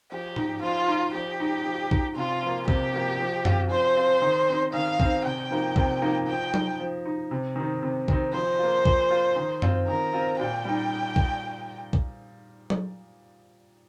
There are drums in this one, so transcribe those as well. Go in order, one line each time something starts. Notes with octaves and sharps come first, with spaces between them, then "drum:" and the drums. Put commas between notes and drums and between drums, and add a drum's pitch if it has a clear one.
F3 G4
D#4, drum: tom G#2
F3 F4
D#4
F3 G4
D#4
F3
D#4, drum: kick B1
C3 F4
F3 A#3
C3 G4, drum: kick B1
F3 A#3
F3
C4 F4, drum: tom F#2
F3 C5
C4 F4
D#3
C4 D#4
D#3 F5
C4 D#4, drum: kick B1
C3 G5
F3 A#3 D#4
C3, drum: kick B1
F3 A#3 D#4
F3 G5
D#4, drum: tom F#3
F3
D#4
C3
D#3 C4 D#4
C3
D#3 C4 D#4, drum: kick B1
F3 C5
A#3 F4
F3, drum: kick B1
A#3 F4
D#3
C4 F4, drum: tom F#2
D#3 A#4
C4 F4
A#2 G5
G3 D#4
drum: kick B1
drum: kick B1
drum: tom F#3